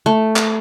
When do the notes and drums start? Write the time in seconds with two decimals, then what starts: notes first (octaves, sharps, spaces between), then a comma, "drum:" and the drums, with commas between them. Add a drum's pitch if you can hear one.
0.06 A3
0.36 drum: clap